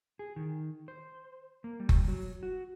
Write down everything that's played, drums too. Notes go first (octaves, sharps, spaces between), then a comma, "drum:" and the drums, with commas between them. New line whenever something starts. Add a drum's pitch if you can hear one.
G#4
D#3
C5
A#3
G3
drum: kick F#1
F#3
F#4